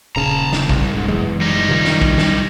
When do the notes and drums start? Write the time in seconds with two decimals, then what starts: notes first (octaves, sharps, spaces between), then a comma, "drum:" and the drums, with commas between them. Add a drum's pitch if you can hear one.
0.16 D#1 C#3 A5 A#5
0.53 drum: snare
0.69 C2, drum: kick
0.93 G#2
1.08 F#1 E2 G#3
1.41 G3 D#4
1.68 C3 D#3 F3
1.85 drum: snare
2.01 drum: kick
2.18 drum: snare